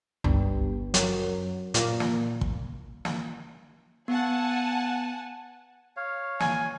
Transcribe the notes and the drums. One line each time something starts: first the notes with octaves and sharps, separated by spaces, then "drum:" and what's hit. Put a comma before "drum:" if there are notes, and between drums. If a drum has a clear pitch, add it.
G1, drum: tom C#2
F#2, drum: hi-hat
A#2, drum: hi-hat
drum: snare
drum: kick
drum: snare
B3 F#5 G#5 A5
C#5 F5
G#5, drum: snare